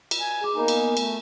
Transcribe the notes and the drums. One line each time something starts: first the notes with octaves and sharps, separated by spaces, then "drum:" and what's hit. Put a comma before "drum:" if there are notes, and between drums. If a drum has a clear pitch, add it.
drum: cymbal
G#5
G#4 D6
A#3 B3 D#4 A#4 G#5
drum: cymbal
A3, drum: cymbal